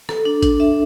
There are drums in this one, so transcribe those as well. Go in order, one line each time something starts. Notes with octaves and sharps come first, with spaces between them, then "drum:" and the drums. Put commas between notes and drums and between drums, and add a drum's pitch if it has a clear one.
A4, drum: rim click
D4
D4, drum: kick A1, hi-hat
E5